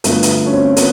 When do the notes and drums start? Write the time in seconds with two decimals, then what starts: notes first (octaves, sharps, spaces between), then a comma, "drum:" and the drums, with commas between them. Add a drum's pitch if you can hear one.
0.04 G2 D3 F3 A3 B3, drum: hi-hat
0.23 drum: hi-hat
0.46 C#4
0.53 C4
0.77 B3, drum: hi-hat